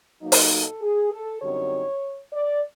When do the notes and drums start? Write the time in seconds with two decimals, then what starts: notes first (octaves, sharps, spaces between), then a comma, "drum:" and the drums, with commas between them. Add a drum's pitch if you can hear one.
0.21 B2 F#3 A#3 D#4
0.32 drum: open hi-hat
0.52 A4
0.82 G#4
1.12 A4
1.42 F#2 D3 G3 C4 D#4 C#5
2.33 D5